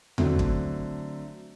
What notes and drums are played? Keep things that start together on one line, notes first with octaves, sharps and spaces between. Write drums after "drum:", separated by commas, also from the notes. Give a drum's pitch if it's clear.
D3 F#3 A3 C4, drum: tom E2
drum: kick